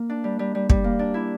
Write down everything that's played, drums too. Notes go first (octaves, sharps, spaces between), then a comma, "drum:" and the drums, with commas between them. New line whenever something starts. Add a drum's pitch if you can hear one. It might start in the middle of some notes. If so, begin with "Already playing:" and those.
Already playing: A#3
D4
G3
G3
G3
G3, drum: kick
A#3
D4
E4